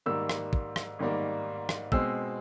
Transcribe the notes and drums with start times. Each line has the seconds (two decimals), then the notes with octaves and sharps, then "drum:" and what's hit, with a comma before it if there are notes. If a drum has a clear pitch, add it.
0.06 G#2 D#3 G3 A#3 E6
0.29 drum: rim click
0.53 drum: kick
0.76 drum: rim click
0.99 G#2 D#3 G3 A#3
1.69 drum: rim click
1.92 B2 G#3 C4 E6, drum: kick